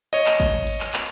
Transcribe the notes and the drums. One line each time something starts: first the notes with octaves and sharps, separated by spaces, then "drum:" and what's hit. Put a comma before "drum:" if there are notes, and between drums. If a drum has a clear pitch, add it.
C#5 D#5, drum: cymbal
drum: clap
drum: kick, cymbal
drum: cymbal
drum: clap
drum: clap